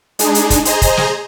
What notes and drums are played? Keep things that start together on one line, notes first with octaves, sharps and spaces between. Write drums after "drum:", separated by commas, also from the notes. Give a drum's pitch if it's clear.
G#3 D4 D#4 G#4, drum: hi-hat
drum: hi-hat
drum: kick, hi-hat
G#4 C5 D#5 G#5 A#5, drum: hi-hat
drum: kick, hi-hat
drum: snare